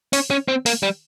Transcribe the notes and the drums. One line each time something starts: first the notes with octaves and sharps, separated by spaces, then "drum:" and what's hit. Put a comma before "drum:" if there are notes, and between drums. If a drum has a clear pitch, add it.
C#4, drum: open hi-hat
C#4
C4
A#3, drum: open hi-hat
G3